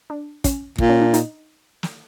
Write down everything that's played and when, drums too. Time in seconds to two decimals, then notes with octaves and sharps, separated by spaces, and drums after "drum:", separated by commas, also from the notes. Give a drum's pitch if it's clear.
0.10 D4
0.44 C#4, drum: kick, hi-hat
0.78 A#2, drum: kick
0.89 C#4
1.01 D4
1.14 D#4, drum: hi-hat
1.83 drum: snare